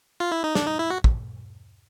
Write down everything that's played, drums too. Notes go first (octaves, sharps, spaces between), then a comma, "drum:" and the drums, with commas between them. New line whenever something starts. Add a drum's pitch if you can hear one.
F4
E4
D#4
D4, drum: snare
D#4
E4
F#4
drum: kick